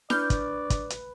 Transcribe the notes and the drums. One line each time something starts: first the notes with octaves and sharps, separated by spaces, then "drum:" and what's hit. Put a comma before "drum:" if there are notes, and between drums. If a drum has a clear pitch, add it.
D4 B4 D5 F6 G6, drum: snare E4
drum: kick, hi-hat
drum: kick, hi-hat
drum: hi-hat